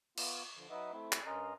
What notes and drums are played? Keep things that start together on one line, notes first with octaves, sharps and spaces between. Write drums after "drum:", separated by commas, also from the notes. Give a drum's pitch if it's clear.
B3 F4, drum: cymbal
D3 F3
F#3 D#4 B4 D#5 E5 F#5
A3 C4 E4
drum: clap
G2 C#4 A#4 D#5 A#5 C6